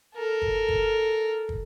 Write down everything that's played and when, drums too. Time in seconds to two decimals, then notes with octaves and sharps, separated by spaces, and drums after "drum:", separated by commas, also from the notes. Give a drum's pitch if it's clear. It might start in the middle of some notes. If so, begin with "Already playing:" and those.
0.15 A4 A#4
0.42 drum: kick
0.69 drum: kick
1.49 drum: kick